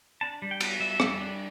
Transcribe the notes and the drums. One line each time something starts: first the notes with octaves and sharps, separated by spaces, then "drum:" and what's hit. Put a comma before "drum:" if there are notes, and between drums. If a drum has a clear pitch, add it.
D4 A5
G3
G5
B3, drum: cymbal
G3 E5
G3, drum: rim click
D4